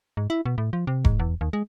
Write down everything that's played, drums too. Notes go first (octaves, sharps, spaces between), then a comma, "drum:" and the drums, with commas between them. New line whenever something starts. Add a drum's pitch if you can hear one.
G#2
E4
B2
A2
F3
C3
G#2, drum: kick E1
E2
D#2
G#3